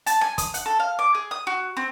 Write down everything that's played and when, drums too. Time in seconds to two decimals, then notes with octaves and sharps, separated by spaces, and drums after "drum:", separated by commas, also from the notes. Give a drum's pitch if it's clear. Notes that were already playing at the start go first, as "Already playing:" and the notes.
0.06 A5, drum: hi-hat
0.21 G#5, drum: rim click
0.38 D#6, drum: kick, hi-hat
0.54 F#5, drum: hi-hat
0.66 A4
0.80 F5
0.99 D6
1.15 G#4
1.31 D#6
1.47 F#4
1.77 C4